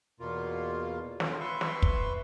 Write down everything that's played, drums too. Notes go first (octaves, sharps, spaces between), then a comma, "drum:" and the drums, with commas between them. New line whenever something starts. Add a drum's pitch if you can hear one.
E2 B2 A#3 F4
D3 C#4 F4, drum: snare
B4 E5 C6 C#6
drum: snare
drum: kick